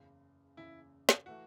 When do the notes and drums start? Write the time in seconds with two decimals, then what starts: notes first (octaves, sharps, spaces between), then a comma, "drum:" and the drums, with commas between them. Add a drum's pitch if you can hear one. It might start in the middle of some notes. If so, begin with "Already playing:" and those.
Already playing: F#1 E2 C#3
0.57 F#1 E2 C#3 E4
1.09 drum: snare
1.26 E3 A3 E4 F#4